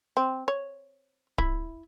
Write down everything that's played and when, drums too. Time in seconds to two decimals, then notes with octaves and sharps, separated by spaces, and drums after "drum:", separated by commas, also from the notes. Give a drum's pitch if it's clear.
0.17 C4
0.48 C#5
1.38 E4, drum: kick D1